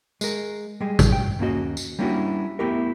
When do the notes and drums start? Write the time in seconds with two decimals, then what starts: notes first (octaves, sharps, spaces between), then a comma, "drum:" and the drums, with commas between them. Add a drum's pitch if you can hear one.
0.21 G#3 A#4, drum: tambourine
0.80 G3 G#3
0.99 drum: kick, tambourine
1.12 G5
1.39 D#2 A#3 C#4 F#4 D#5
1.77 drum: tambourine
1.99 G3 A#3 C#4 D4 E4 F#4
2.59 A3 B3 E4 G4 A#4